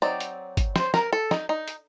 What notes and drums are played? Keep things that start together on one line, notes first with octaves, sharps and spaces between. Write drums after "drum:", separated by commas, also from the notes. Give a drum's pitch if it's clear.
F#3 C4 D#4 D5
drum: hi-hat
drum: kick, hi-hat
C5, drum: snare
A#4, drum: snare
A4
D#4, drum: snare
D#4
drum: hi-hat